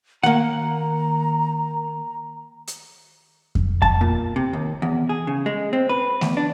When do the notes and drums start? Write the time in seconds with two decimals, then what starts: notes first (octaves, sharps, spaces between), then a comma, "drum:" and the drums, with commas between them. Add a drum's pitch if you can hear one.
0.23 D#3 A#3 F#5 A#5
2.67 drum: hi-hat
3.55 drum: kick F2
3.82 A5, drum: kick F2
4.01 A#2
4.36 C3
4.53 D#2
4.82 E2
5.09 G#4
5.27 C#3
5.46 G#3
5.73 C4
5.89 B4
6.21 E2, drum: snare A3
6.37 D4